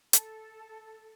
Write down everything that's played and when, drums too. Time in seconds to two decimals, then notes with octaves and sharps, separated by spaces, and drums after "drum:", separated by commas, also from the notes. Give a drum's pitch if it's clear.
0.13 A4, drum: hi-hat